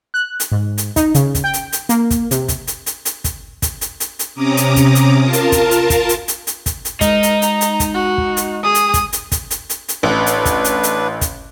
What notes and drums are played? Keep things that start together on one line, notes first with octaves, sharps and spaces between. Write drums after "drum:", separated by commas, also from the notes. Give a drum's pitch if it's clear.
F#6
drum: hi-hat
G#2
drum: hi-hat
D#4, drum: kick, hi-hat
C#3, drum: hi-hat
drum: kick, hi-hat
G5
drum: hi-hat
drum: hi-hat
A#3, drum: hi-hat
drum: kick, hi-hat
C3, drum: hi-hat
drum: kick, hi-hat
drum: hi-hat
drum: hi-hat
drum: hi-hat
drum: kick, hi-hat
drum: kick, hi-hat
drum: hi-hat
drum: hi-hat
drum: hi-hat
C3 C#4 A#5 D6 D#6
drum: hi-hat
drum: kick, hi-hat
drum: hi-hat
F4 A#4 A5
drum: hi-hat
drum: kick, hi-hat
drum: hi-hat
drum: kick, hi-hat
drum: hi-hat
drum: hi-hat
drum: hi-hat
drum: kick, hi-hat
drum: hi-hat
G#3 D#4 A#4, drum: kick, hi-hat
drum: hi-hat
A#5, drum: hi-hat
drum: hi-hat
drum: kick, hi-hat
F#4
drum: kick
drum: hi-hat
G#4 D#6
drum: hi-hat
drum: kick, hi-hat
drum: hi-hat
drum: kick, hi-hat
drum: hi-hat
drum: hi-hat
drum: hi-hat
A1 D4 B4
drum: hi-hat
drum: kick, hi-hat
drum: hi-hat
drum: hi-hat
drum: kick, hi-hat